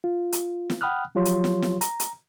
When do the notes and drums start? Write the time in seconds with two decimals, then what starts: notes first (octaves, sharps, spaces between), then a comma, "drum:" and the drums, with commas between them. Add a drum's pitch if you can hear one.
0.04 F4
0.32 drum: hi-hat
0.70 drum: snare
0.81 F#5 G5 B5 D#6 F6 F#6
1.15 F3 F#3 F4 G4 C#5 C6
1.25 drum: hi-hat
1.44 drum: snare
1.62 drum: snare
1.81 A#5, drum: hi-hat
2.00 drum: hi-hat